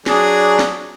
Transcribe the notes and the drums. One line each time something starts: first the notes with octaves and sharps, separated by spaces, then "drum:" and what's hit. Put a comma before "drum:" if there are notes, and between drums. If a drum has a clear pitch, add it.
F#3 D4 G#4, drum: snare
drum: snare